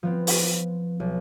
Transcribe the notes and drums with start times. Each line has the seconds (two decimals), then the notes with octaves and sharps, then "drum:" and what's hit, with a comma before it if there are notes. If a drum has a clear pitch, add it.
0.03 F3 B3 C4
0.27 drum: open hi-hat
1.00 B1